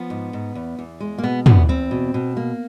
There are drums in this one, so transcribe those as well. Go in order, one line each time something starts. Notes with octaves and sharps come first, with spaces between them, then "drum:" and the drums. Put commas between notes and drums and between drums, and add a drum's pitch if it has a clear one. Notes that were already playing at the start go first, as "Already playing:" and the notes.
Already playing: F3 B3
G#2
G#2
E2
E2
G#3
A#3
B2 B3
E2 B3, drum: tom
E2 C4
B2
B2
A#3